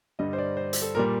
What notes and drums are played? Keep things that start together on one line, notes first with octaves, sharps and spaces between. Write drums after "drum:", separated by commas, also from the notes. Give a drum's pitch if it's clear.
G2 D3 G3 D#5
C5
D5
C5
drum: hi-hat
A4
A#2 G3 A#4